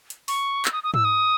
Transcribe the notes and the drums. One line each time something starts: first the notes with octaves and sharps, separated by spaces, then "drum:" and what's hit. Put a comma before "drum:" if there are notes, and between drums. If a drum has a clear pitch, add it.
drum: hi-hat
C#6, drum: open hi-hat
E6, drum: clap
D#6
D#6
E6, drum: tom G#2
D#6